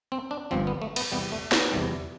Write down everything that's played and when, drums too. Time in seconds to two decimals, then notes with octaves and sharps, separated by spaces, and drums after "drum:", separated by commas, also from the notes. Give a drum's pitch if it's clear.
0.12 C4
0.31 D4
0.51 G1 G2 F3 C4
0.67 B3
0.82 A3
0.96 B3, drum: cymbal
1.12 E2 C3 G3 B3
1.32 A3
1.52 B3, drum: snare
1.72 E2 C3 G3